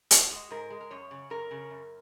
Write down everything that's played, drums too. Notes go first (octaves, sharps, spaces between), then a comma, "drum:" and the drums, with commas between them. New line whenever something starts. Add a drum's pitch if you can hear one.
G#2 F#4, drum: hi-hat
G#3
G#2 A#4
G#3
A#4
F#2 C#5
C#3
F#2 A#4
C#3
F#2